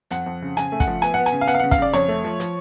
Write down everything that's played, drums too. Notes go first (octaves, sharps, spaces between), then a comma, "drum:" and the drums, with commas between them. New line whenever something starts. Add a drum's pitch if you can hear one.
F2 F#5, drum: hi-hat
F2
C#3
C#3 G#5, drum: hi-hat
A3
F#5, drum: kick, hi-hat
F3
B3 G#5, drum: hi-hat
B3 F#5
G#5, drum: hi-hat
C#3
F5
B3 F#5, drum: hi-hat
F5
C#3 F#5
F5, drum: kick, hi-hat
C#3 D5
F2 C#5, drum: hi-hat
A3
F3
F3, drum: hi-hat